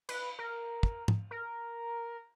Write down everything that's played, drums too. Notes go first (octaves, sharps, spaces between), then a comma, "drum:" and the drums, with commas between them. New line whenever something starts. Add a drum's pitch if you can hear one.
B4, drum: cymbal
A#4
drum: kick
drum: tom G#2
A#4